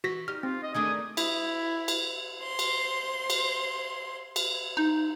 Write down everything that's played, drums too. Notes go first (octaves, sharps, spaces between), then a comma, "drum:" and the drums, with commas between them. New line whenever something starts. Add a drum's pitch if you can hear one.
E3 F#4 A#6 B6
D#4 G4 F6
C4 F4
D#5
D#3 A3 D4 G#4 D#6
E4, drum: cymbal
drum: cymbal
C5 C6
drum: cymbal
drum: cymbal
drum: cymbal
D#4